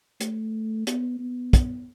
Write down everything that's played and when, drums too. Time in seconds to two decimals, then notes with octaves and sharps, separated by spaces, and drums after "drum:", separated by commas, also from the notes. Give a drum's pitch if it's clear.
0.21 A3, drum: hi-hat
0.87 B3, drum: hi-hat
1.20 B3
1.53 drum: kick, hi-hat